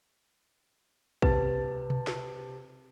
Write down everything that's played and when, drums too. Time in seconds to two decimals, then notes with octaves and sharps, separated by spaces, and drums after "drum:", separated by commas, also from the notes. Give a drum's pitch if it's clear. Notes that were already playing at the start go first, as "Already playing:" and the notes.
1.22 C3 B4 A5 A6, drum: kick A#1
1.90 drum: tom B2
2.07 drum: snare